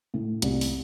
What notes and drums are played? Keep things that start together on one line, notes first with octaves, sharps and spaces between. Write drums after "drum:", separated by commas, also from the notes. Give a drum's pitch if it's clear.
A2
C2, drum: hi-hat
drum: open hi-hat